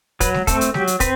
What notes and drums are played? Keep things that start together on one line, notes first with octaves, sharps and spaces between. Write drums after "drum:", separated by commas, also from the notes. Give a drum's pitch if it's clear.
F#3 B4, drum: kick, hi-hat
drum: snare G#3
A3 C4 A4, drum: kick, hi-hat
drum: hi-hat
F#3 G4, drum: snare G#3
drum: hi-hat
C4 B4, drum: kick, hi-hat